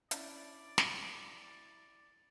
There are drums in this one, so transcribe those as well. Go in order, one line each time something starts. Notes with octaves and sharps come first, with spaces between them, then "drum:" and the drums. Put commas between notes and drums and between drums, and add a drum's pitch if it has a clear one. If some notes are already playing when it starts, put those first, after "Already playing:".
C#4 D4 E4 D5, drum: hi-hat
drum: snare